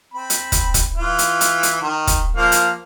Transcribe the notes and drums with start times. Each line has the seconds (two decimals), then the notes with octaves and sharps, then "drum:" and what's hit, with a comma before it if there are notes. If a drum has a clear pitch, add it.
0.14 C4 B5
0.30 drum: hi-hat
0.52 drum: kick, hi-hat
0.74 drum: kick, hi-hat
0.96 E3 F4
1.19 drum: hi-hat
1.41 drum: hi-hat
1.63 drum: hi-hat
1.81 D#3
2.07 drum: kick, hi-hat
2.37 F3 A#3 F5
2.52 drum: hi-hat